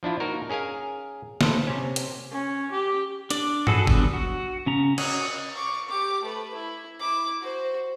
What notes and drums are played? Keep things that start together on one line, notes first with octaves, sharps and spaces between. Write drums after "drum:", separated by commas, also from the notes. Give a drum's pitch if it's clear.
F3 D4 E4 F4
A#3 D#4 F#4 A#4
C#4 G#4 A#4 F5 G#5
A4 B4 C5, drum: snare
C3 C#4
drum: hi-hat
C#4
G4
D4 D5, drum: hi-hat
F#4 G#4 A4 B4, drum: tom G2
D3 F#3 G3 B3 D4, drum: kick G1
F#4
C#3 C#4 A#5
F#4 C#5 D#5 F#5, drum: cymbal
C#6 D6
G4 D6
A3 B4
E4
E4 D6
F#4 C5